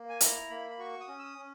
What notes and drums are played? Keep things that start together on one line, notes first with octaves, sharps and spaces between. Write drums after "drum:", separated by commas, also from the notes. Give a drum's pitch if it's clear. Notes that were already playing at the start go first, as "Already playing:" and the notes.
Already playing: A#3
G#5
E4 A#5, drum: hi-hat
A#3 B5
B5
F#4 C#6
D#6
C#4
E6
D#6
C#4